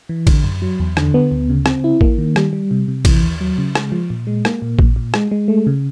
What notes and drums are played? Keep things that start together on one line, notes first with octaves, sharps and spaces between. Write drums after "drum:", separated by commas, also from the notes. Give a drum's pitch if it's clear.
E3
D3, drum: kick A1, cymbal
F#2
F#3
E2
D3, drum: rim click
B3
D2
C#3
C4, drum: rim click
E4
A#3, drum: kick A1
D#3
G3, drum: rim click
G3
C3
C3
E3, drum: kick A1, cymbal
D#2
F#3
C#3
G#3, drum: rim click
F3
A#2
G#3
A#3, drum: rim click
A#2
A#2, drum: kick A1
A#2
G#3, drum: rim click
G#3
A3
C#3